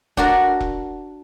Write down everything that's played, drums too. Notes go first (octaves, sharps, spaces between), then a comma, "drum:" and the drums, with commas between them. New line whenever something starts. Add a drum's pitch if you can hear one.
D4 F#4 A#4, drum: kick E1
drum: kick E1